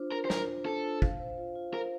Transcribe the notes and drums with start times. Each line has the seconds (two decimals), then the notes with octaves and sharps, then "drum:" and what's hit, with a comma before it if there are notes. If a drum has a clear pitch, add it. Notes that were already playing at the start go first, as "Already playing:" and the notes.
Already playing: D4 F4 C5
0.12 D4 A#4
0.25 C5
0.30 D4 A#4, drum: snare
0.48 C5
0.66 D4 A4
0.84 F4
1.02 F5, drum: kick
1.20 C5
1.38 F4
1.55 F4
1.73 A#4 C5